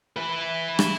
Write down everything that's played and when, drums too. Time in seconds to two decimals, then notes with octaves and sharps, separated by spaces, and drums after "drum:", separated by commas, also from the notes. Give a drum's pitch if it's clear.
0.16 E4 B4
0.79 drum: rim click